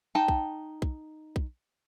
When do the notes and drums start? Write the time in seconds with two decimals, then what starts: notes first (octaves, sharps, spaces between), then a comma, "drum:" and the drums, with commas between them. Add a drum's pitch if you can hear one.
0.15 D#4 G5 A5
0.28 drum: kick B1
0.82 drum: kick B1
1.36 drum: kick B1